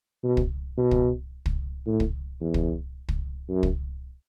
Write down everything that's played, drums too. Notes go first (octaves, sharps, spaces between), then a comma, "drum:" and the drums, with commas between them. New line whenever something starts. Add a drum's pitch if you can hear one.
B2
drum: kick
B2
drum: kick
drum: kick
A2
drum: kick
E2
drum: kick
drum: kick
F#2
drum: kick